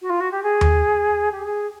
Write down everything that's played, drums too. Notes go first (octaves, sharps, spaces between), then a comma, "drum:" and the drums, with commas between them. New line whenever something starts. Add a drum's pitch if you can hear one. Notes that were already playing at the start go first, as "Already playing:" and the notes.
F#4
F4
F#4
G4
G#4
drum: tom D#2
G4
G#4